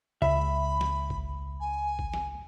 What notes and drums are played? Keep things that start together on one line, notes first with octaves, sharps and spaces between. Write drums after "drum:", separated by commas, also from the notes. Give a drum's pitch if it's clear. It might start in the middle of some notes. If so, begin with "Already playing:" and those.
C#2 E5 B5
drum: snare
drum: kick G#1
G#5
drum: kick G#1
drum: snare